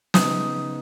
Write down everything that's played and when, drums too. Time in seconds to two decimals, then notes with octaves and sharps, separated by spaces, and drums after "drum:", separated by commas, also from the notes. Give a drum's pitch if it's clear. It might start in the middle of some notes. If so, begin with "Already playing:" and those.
0.14 C#3 B3 D#4 D#6, drum: snare